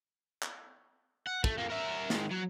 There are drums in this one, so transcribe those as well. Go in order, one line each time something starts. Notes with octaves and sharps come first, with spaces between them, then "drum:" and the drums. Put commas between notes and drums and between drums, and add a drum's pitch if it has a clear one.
drum: clap
F#5
A3, drum: kick
F2 A#3
A#4 E5
D#3 G#3, drum: snare
F#3